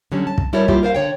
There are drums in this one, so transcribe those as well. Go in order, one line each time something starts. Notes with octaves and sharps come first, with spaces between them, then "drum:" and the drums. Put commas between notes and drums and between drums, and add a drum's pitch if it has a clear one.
D3 F#3 G3 C#4
A5
drum: kick
G3 E4 F#4 A4 A#4 C#5
G3 A#3 E4 F4 G4, drum: kick
A#4 C5 F5
D3 C#5 G5